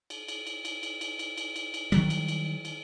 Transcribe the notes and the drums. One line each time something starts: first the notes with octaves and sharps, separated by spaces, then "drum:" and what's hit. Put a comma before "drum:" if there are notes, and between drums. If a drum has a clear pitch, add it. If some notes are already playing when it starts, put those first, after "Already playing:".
drum: cymbal
drum: cymbal
drum: cymbal
drum: cymbal
drum: cymbal
drum: cymbal
drum: cymbal
drum: cymbal
drum: cymbal
drum: cymbal
D#3 F#3 G3, drum: cymbal
drum: cymbal
drum: cymbal
drum: cymbal